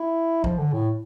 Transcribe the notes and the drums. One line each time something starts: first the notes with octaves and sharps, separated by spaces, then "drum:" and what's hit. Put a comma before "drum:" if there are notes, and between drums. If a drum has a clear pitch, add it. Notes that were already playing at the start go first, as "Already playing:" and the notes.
Already playing: E4
F3, drum: kick
D3
A2